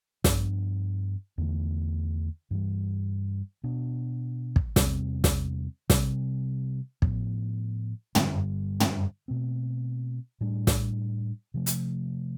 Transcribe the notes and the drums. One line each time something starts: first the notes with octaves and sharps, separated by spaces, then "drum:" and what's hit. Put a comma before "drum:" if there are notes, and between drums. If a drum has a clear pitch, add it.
G2 F3 B3 D4, drum: snare
E2 D3 A3
G2 E3 G3
B2 B3 D4
drum: kick
E2 C3 G3 C4, drum: snare
drum: snare
C3 G3 C4, drum: snare
A2 F3 B3, drum: kick
G2 D3 G3, drum: tom
drum: tom
B2 A3 C4
A2 G3 D4
drum: snare
C3 F3 A3
drum: hi-hat